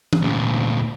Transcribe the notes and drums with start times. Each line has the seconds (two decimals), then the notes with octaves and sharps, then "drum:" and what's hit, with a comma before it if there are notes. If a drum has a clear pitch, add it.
0.13 drum: tom E3
0.22 D2 A#2